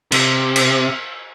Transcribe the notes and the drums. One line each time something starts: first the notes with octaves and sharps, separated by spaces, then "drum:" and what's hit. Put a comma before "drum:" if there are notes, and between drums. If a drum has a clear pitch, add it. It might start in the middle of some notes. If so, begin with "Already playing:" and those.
C3, drum: cymbal
drum: cymbal